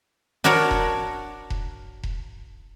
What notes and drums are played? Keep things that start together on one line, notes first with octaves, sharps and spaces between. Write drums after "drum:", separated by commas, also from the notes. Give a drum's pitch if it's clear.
D4 F#4 A#4 C#5
drum: kick E1
drum: kick E1
drum: kick E1